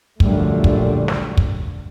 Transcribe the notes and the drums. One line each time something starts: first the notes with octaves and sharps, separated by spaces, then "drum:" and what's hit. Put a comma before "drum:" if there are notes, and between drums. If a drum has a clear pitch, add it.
A#1 F#2 D3 G3 A3, drum: kick
drum: kick
drum: snare
drum: kick